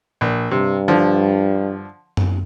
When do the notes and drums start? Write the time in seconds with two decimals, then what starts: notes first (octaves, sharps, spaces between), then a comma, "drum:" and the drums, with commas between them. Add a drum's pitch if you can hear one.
0.21 A#1
0.51 G2 C3
0.88 D3 F3
2.17 drum: tom F#2